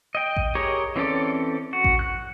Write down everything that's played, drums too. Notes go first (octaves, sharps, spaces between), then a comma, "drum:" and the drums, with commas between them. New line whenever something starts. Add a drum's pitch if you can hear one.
D#5 G5
drum: kick A1
G4 G#4 A#4 C#5
E3 C4 C#4 A4 D5
F#4
drum: kick A1
F#6